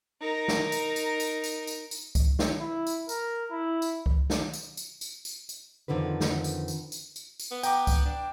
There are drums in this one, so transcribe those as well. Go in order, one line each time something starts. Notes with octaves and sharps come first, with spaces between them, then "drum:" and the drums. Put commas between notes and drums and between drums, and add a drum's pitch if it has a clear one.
D#4 A#4
drum: snare
drum: tambourine
drum: tambourine
drum: tambourine
drum: tambourine
drum: tambourine
drum: tambourine
drum: kick C#2, tambourine
drum: snare
E4
drum: tambourine
A#4, drum: tambourine
E4
drum: tambourine
drum: kick C#2
drum: snare
drum: tambourine
drum: tambourine
drum: tambourine
drum: tambourine
drum: tambourine
F2 A2 D3 D#3 F3 B4
drum: snare
drum: tambourine
drum: tambourine
drum: tambourine
drum: tambourine
drum: tambourine
B3
G5 A#5 D6, drum: tambourine
drum: kick C#2, tambourine
D4